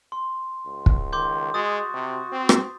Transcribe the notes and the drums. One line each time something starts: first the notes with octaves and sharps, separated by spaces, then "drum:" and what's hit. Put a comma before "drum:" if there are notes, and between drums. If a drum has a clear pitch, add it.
C6
C#2
drum: kick
D#3 C6 D6 G6
G#3 F#4 D#6 A6
C3
C4
drum: rim click